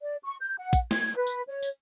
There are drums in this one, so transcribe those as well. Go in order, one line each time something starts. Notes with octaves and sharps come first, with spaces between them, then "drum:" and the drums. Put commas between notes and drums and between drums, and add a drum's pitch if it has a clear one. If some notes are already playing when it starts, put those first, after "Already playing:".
D5
C#6
G6
F#5
drum: kick, tambourine
G#6, drum: snare
B4
drum: tambourine
C#5
drum: tambourine